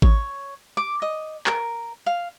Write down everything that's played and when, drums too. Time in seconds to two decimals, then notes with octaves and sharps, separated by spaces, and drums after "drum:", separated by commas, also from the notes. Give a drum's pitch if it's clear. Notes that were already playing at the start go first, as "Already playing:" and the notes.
0.02 C#5, drum: kick G#1
0.77 D6
1.02 D#5
1.47 A#4, drum: clap
2.06 F5